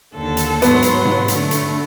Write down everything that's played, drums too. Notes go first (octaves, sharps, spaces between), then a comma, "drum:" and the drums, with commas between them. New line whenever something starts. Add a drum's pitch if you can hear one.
D#2 D3 A4
drum: hi-hat
G#2 F#3 B3 C6, drum: hi-hat
drum: hi-hat
drum: tom G#2
D3 A3, drum: hi-hat
drum: hi-hat